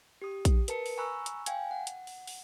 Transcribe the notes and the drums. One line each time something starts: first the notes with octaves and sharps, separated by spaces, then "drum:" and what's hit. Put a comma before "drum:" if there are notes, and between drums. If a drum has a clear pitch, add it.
G4 D#6
drum: kick A#1, hi-hat
A#4 B4 A5 C#7, drum: hi-hat
drum: open hi-hat
G#5 A#5 B5 C#6 E6 F#6
drum: hi-hat
F5 G5 G#5 G#6, drum: hi-hat
F#5
drum: hi-hat
drum: open hi-hat
drum: open hi-hat